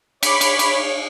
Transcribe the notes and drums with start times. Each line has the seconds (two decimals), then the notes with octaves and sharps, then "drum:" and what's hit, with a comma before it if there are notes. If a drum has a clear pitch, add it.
0.23 C#5 B5 D6, drum: cymbal
0.41 drum: cymbal
0.59 drum: cymbal